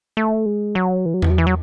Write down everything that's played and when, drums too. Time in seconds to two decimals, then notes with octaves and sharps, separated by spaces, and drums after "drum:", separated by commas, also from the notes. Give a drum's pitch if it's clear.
0.17 A3
0.46 G#3
0.75 F#3
1.06 E3
1.14 F#3
1.22 E3, drum: tom E2
1.30 F#3
1.38 E3
1.47 F#3